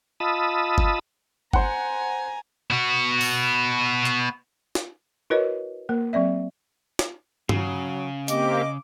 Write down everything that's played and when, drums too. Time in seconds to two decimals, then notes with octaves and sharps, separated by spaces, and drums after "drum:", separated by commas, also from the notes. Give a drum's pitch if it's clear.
0.20 F4 D#5 A5 B5 D#6 E6
0.78 drum: kick G1
1.53 C5 F#5 G#5 A#5, drum: kick G1
2.70 B3 F#4
3.21 drum: open hi-hat
4.06 drum: clap
4.75 drum: snare
5.30 E4 F#4 A#4 B4 C#5 D#5
5.89 A#3 A#4
6.13 F#3 C4 D5 E5
6.99 drum: snare
7.49 C#3 F#3, drum: tom G2
8.28 A#3 C4 G4 D#5 D6, drum: hi-hat